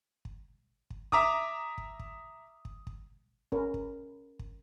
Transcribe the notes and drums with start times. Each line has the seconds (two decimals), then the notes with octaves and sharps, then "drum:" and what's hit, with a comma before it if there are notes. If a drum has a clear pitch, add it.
0.25 drum: kick
0.90 drum: kick
1.12 E5 A#5 D6 D#6, drum: kick
1.78 drum: kick
1.99 drum: kick
2.65 drum: kick
2.87 drum: kick
3.52 C#4 A#4 B4, drum: kick
3.74 drum: kick
4.39 drum: kick